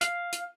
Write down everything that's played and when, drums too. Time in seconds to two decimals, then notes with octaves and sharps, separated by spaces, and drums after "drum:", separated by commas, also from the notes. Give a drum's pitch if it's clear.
0.01 F5, drum: hi-hat
0.32 drum: hi-hat